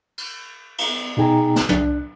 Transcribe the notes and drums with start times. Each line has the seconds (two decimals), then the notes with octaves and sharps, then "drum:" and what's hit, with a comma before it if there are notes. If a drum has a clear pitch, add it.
0.18 drum: cymbal
0.78 drum: cymbal
1.17 B2 D#4 G#4 G5 G#5 A#5
1.56 drum: snare
1.69 C2 D4 F#6, drum: tom